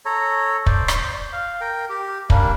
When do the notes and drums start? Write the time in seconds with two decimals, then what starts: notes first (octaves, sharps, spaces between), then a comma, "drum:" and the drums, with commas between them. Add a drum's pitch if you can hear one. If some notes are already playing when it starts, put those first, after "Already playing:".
0.05 A4 C#5 A#5
0.66 C5 D5, drum: kick
0.88 drum: rim click
1.33 F5
1.61 A#4 G5
1.89 G4
2.30 G3 A#3 D4, drum: kick